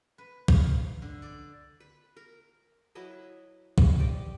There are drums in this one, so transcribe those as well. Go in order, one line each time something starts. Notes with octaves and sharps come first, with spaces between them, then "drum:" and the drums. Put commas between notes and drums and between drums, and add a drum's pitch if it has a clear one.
B4
F5, drum: kick
D3
D5
B4
A#4
F#3 E4 B4 D#5
drum: kick
G4 D5 D#5 D6